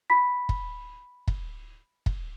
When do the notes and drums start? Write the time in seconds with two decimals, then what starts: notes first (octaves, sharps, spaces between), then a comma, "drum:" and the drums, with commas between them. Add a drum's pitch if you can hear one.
0.10 B5 B6
0.49 drum: kick
1.28 drum: kick
2.06 drum: kick